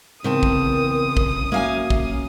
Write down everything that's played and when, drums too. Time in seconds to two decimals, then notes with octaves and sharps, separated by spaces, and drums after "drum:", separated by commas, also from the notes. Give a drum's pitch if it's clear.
0.24 E2 C#3 C4 A#4 A5 D#6
0.43 drum: kick
1.17 drum: kick
1.52 F#2 A#3 E5 F5 G#5
1.90 drum: kick